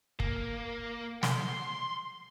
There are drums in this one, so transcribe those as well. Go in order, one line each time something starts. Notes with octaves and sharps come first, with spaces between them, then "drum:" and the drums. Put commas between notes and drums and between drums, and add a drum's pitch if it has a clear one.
A#3, drum: kick
C6, drum: snare